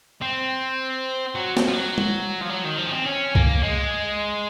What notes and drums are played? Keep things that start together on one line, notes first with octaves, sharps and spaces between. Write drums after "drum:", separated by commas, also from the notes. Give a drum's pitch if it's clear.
C4
F#3
drum: snare
F3
F#3
drum: tom
F3
F#3
D#3
F3
C#4
C4
C#4
A#3, drum: kick C2
G#3